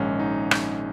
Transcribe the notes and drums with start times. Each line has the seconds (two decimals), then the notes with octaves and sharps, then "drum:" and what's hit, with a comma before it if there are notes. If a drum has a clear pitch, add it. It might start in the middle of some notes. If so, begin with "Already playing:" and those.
Already playing: A#1 G#2 D#3 G#3 C#4
0.19 D#4
0.51 drum: rim click